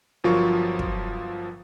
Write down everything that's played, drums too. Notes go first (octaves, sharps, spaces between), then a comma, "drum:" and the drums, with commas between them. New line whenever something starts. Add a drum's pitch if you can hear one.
G1 F3 F#3 F4 A#4 C#6
drum: kick